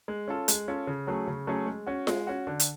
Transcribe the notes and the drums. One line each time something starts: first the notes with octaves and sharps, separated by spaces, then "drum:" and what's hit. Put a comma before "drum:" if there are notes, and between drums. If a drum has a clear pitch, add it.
G#3
C#4 F4 A4
G#3, drum: hi-hat
C#4 F4 A4
C#3
F#3 A3 C#4 G#4
C#3
F#3 A3 C#4 G#4
G#3
C#4 F#4
G#3, drum: snare F4
C#4 F#4
D3
drum: hi-hat